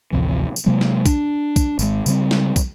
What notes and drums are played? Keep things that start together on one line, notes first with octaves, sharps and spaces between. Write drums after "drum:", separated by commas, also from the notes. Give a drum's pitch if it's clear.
A1 D2 C3 F3
drum: tambourine
C3 F#3 G#3 A#3
drum: snare
D4, drum: kick, tambourine
drum: kick, tambourine
G#1 G#3, drum: tambourine
C#3 G3 C4, drum: tambourine
drum: snare
drum: kick, tambourine